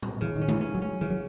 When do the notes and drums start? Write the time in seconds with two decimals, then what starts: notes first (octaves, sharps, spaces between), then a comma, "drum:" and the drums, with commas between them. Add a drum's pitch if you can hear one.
0.02 drum: tom A2
0.21 C#3 E3
0.36 D#3
0.41 C#4
0.48 E3, drum: tom G#3
0.61 C#4
0.75 F#3
0.82 C#4
1.01 C#3 E3
1.10 F#3